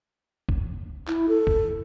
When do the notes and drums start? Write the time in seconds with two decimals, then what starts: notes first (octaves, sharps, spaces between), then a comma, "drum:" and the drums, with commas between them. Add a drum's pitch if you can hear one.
0.49 drum: kick F#1
1.08 E4, drum: clap
1.29 A4
1.47 drum: kick F#1